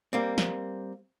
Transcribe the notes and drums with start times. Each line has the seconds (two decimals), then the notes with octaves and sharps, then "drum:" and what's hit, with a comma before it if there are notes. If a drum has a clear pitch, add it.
0.13 G3 A#3 C4
0.38 drum: snare